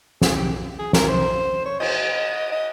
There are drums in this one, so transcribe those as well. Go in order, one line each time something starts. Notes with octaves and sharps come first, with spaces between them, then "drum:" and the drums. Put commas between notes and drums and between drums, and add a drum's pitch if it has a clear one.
G#4, drum: snare
G4
G#4
A#4, drum: snare
C5
C#5
D#5, drum: cymbal
D#5